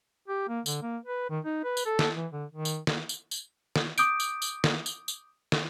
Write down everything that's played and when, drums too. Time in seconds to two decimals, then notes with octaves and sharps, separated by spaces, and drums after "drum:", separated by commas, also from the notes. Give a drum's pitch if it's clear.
0.28 G4
0.48 A#3
0.66 D3, drum: tambourine
0.82 A#3
1.06 B4
1.30 D#3
1.45 D#4
1.64 B4
1.77 drum: tambourine
1.86 A4
1.99 drum: snare
2.16 E3
2.32 D3
2.52 D#3
2.65 drum: tambourine
2.87 drum: snare
3.09 drum: tambourine
3.31 drum: tambourine
3.76 drum: snare
3.98 D6 D#6 G6 D7, drum: tambourine
4.20 drum: tambourine
4.42 drum: tambourine
4.64 drum: snare
4.86 drum: tambourine
5.08 drum: tambourine
5.52 drum: snare